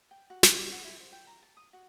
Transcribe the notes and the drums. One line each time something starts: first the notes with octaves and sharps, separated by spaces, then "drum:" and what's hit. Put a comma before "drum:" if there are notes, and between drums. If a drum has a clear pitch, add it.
G5
F#4
C#5, drum: snare
D6
F#4
E4
C5
G5
A#5
A5
D#6
F#4